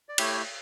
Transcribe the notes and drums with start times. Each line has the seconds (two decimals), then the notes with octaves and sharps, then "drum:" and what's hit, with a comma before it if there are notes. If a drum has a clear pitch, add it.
0.09 D5
0.18 A3 E4 G4 C#5, drum: cymbal